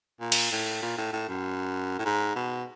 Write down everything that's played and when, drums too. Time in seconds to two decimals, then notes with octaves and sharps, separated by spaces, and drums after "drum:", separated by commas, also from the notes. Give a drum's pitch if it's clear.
0.20 A#2
0.32 drum: cymbal
0.51 A2
0.82 A#2
0.98 A2
1.13 A2
1.28 F#2
1.98 A2
2.05 G#2
2.36 B2